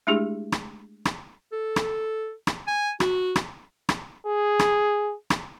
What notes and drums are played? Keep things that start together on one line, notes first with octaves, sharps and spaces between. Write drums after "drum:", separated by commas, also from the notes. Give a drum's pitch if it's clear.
G#3 A3 D4 E4 G4 G#4
drum: rim click
drum: rim click
A4
drum: rim click
drum: rim click
G#5
F#4, drum: rim click
drum: rim click
drum: rim click
G#4
drum: rim click
drum: rim click